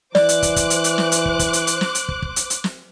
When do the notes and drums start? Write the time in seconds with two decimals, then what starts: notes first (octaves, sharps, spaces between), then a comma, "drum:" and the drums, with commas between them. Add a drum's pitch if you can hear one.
0.15 E3 C5 D5 D6 F#6, drum: snare
0.29 drum: hi-hat
0.42 drum: kick, hi-hat
0.56 drum: kick, hi-hat
0.70 drum: hi-hat
0.84 drum: hi-hat
0.98 drum: snare
1.12 drum: hi-hat
1.26 drum: kick
1.39 drum: kick, hi-hat
1.53 drum: hi-hat
1.67 drum: hi-hat
1.81 drum: snare
1.95 drum: hi-hat
2.09 drum: kick
2.22 drum: kick
2.36 drum: hi-hat
2.50 drum: hi-hat
2.64 drum: snare